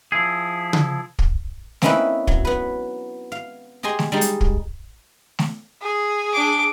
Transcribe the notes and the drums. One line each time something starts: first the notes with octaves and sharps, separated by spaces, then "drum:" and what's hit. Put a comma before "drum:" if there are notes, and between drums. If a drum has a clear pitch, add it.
F3 E4 G#4
drum: tom C#3
drum: kick
A#3 C4 C#4 D#4 E4 B4, drum: snare A3
F#3, drum: kick
B3 B4
F5
G4 G#4 D#5 G#5 C6
drum: snare A3
G3 G#3 D#4 G4
drum: hi-hat
drum: kick
drum: snare A3
G#4
D4 D6